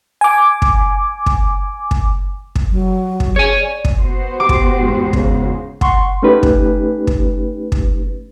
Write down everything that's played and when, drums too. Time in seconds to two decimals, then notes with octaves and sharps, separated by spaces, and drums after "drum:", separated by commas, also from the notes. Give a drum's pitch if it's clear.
0.21 G#5 D6
0.62 drum: kick
1.26 drum: kick
1.91 drum: kick
2.55 drum: kick
2.71 F#3
3.20 drum: kick
3.36 G#4 C#5 G#5
3.60 D5
3.85 drum: kick
3.99 B3 F#4 C5
4.40 G4 D6
4.49 drum: kick
4.77 G#1 E2 G#2
5.13 C#3, drum: kick
5.81 F#5 C6 C#6, drum: kick
6.23 A3 C#4 D#4 G4 B4
6.43 drum: kick
7.07 drum: kick
7.72 drum: kick